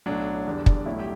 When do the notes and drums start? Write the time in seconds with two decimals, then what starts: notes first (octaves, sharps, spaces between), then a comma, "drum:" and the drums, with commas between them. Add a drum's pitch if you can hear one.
0.06 B1 A2 F#3 D4
0.46 E2 D3 G3
0.66 drum: kick
0.86 B1 A2 F#3 E4
0.99 G3 G4